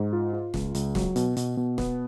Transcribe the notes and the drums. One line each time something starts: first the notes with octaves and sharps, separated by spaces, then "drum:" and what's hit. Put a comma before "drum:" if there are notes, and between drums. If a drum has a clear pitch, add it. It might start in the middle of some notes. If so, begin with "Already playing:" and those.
Already playing: G#2
F4
F4
C#2, drum: snare
C#2, drum: hi-hat
F#3, drum: snare
B2, drum: hi-hat
B2, drum: hi-hat
B2
B3, drum: snare